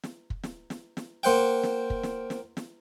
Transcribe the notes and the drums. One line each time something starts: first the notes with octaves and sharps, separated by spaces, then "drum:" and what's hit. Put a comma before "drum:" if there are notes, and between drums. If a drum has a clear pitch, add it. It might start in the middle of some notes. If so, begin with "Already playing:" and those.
drum: snare
drum: kick
drum: snare
drum: snare
drum: snare
A#3 C5 F#5 G5
drum: snare
drum: kick
drum: snare
drum: snare
drum: snare